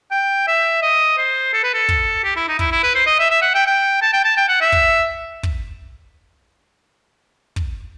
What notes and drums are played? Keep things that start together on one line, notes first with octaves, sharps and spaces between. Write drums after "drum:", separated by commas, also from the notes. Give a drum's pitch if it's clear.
G5
E5
D#5
C5
A4
B4
A4
drum: kick
G4
E4
D#4
E4, drum: kick
E4
B4
C5
D#5
E5
E5
F#5
G5
G5
A5
G5
A5
G5
F#5
E5
drum: kick
drum: kick
drum: kick